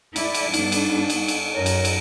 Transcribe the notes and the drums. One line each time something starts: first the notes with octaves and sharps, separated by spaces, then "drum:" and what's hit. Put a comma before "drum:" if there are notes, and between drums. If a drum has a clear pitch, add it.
E4 D5, drum: cymbal
drum: cymbal
G2 B3 D4 D#4, drum: cymbal
drum: cymbal
drum: cymbal
drum: cymbal
F#2 A#4 C#5
drum: cymbal
drum: cymbal